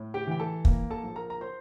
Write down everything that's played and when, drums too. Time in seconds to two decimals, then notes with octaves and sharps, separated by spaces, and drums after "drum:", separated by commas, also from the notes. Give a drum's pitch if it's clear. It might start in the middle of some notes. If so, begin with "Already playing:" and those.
Already playing: A2
0.14 G4 G5
0.27 E3 G5
0.40 A4 A5
0.65 A#3, drum: kick
0.90 A4 A5
1.03 A#1
1.16 A#4 A#5
1.30 A#5
1.41 C5 C6